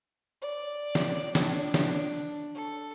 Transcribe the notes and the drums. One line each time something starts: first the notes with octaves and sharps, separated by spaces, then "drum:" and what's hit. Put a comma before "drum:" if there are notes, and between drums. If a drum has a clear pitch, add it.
D5
drum: snare
D4, drum: snare
drum: snare
A4